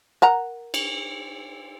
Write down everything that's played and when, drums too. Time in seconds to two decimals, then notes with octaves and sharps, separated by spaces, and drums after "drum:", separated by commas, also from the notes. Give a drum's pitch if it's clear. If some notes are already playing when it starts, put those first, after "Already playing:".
0.22 A#4 F#5 A#5
0.74 drum: cymbal